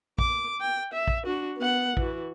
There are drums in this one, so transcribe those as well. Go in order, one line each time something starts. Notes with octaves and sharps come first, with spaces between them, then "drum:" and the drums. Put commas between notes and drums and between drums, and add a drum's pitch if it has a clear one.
D6, drum: kick
G5
E5
drum: kick
D4 F#4
B3 F#5
E3 F#4, drum: kick